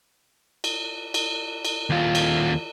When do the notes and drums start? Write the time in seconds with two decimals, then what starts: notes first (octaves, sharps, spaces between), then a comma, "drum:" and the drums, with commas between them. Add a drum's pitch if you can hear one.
0.64 drum: cymbal
1.14 drum: cymbal
1.65 drum: cymbal
1.90 D#2 F4
2.15 drum: cymbal